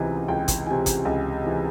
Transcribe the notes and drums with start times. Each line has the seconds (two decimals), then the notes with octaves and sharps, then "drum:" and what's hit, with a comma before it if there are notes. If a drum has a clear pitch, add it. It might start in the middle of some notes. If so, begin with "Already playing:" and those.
Already playing: C#2 C3 E3
0.28 C#2 G5
0.48 drum: kick, hi-hat
0.66 C3 E3 G#5
0.86 drum: kick, hi-hat
1.05 C#2
1.44 C3 E3